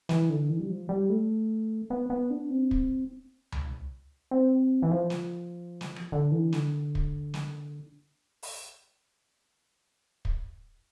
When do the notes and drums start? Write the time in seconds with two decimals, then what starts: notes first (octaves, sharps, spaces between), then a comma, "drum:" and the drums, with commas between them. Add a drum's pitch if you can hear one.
0.09 E3, drum: snare
0.30 D3
0.49 E3
0.59 G3
0.69 F3
0.89 G3
1.10 A3
1.90 B3
2.10 B3
2.30 D4
2.50 C4
2.71 drum: kick
3.52 drum: tom C#2
4.31 C4
4.82 E3
4.91 F3
5.10 drum: snare
5.81 drum: snare
5.96 drum: rim click
6.12 D3
6.32 E3
6.53 D3, drum: snare
6.95 drum: kick
7.34 drum: snare
8.43 drum: open hi-hat
10.25 drum: kick